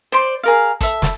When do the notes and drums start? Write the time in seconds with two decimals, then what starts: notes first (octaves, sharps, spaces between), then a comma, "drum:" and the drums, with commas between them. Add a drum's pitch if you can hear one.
0.12 C5 D5 C6
0.43 G#4 A#4 F5
0.81 A4 E5, drum: kick, hi-hat
1.02 drum: snare